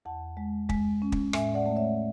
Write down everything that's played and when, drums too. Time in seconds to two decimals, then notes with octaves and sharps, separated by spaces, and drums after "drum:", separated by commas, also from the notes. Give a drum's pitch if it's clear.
0.05 E2 F#5 A5
0.37 G#3
0.69 G#3, drum: kick
1.02 C#4
1.12 drum: kick
1.33 A2 E5 G#5, drum: rim click
1.54 D5 F#5
1.66 A3
1.76 C#5 E5